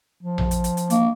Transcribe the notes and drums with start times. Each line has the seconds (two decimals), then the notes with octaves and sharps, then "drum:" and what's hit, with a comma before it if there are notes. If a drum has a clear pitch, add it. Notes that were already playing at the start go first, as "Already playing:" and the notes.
0.23 F3
0.38 drum: tom A#1
0.51 drum: hi-hat
0.64 drum: hi-hat
0.77 drum: hi-hat
0.90 A#3, drum: hi-hat